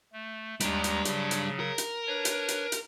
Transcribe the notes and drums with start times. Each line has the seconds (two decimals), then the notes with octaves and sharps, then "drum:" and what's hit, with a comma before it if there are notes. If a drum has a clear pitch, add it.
0.13 A3
0.60 D#2 G3 G#3 D4 A#5, drum: hi-hat
0.84 drum: hi-hat
1.05 C#3 F#3, drum: hi-hat
1.31 drum: hi-hat
1.60 A#4
1.78 drum: hi-hat
2.07 D4 B4 C#5
2.25 drum: hi-hat
2.48 drum: hi-hat
2.72 drum: hi-hat